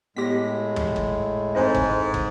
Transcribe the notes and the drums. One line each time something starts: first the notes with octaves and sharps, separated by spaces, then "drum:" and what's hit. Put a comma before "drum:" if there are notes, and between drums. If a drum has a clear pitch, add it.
A2 G#3 B3 G4 A#6 B6
drum: tom
drum: kick
F2 G#2 C4 A4 C5 D#5 G#5
drum: kick
drum: kick